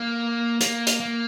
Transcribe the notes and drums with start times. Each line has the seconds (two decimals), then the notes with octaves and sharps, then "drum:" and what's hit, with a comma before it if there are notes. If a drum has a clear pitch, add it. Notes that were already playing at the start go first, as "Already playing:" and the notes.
Already playing: A#3
0.61 A#3, drum: hi-hat
0.87 drum: hi-hat
1.00 A#3